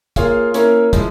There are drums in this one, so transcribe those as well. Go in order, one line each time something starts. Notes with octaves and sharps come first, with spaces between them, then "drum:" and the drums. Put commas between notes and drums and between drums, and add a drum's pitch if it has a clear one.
A#3 F4 G#4 C#5 F5, drum: kick, hi-hat
A#3 C#4 E4 A#4 C#5, drum: hi-hat
F3 G#3 E4, drum: kick, hi-hat